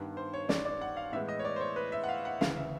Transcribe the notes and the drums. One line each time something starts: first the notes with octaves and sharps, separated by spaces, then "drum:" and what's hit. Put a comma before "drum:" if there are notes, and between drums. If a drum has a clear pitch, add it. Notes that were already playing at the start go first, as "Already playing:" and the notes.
Already playing: G2 D#3 G3 B3
C5
C#5
D5, drum: snare
D5
F#5
F5
A2 E3 G#3 B3 E5
D#5
C#5
D5
C5
C#5
B4
E5
F#5
F5
F#5
D2 C#3 E3 F5, drum: snare
E5